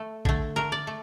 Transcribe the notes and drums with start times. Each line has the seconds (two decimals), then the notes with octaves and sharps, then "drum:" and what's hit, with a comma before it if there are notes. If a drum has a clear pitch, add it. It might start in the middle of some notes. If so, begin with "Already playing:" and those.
Already playing: A3
0.25 D3 A3, drum: kick
0.56 D3 A3 A#4
0.72 D5
0.87 A3